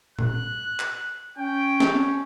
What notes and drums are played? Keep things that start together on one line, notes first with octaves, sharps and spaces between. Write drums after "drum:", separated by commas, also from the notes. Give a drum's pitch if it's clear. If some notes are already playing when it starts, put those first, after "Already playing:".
F#6, drum: tom A#2
drum: clap
C#4 G5
drum: snare